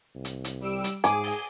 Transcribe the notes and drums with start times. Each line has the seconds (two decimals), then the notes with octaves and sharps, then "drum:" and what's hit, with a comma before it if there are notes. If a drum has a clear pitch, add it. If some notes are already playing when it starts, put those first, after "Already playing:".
0.15 C2
0.25 drum: hi-hat
0.44 drum: hi-hat
0.61 G3 E6 D7
0.84 drum: hi-hat
1.04 G#2 G#4 G#5 D6 D#7, drum: hi-hat
1.24 drum: open hi-hat